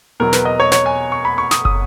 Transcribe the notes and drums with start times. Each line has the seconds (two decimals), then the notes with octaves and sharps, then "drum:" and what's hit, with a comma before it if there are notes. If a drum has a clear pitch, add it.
0.20 E2 B2 F#3 A#4
0.33 B4, drum: snare
0.45 D#5
0.60 C#5
0.72 C#5, drum: snare
0.86 G#5
1.12 C#6
1.25 B5
1.38 C#6
1.51 D#6, drum: snare
1.65 D#6, drum: kick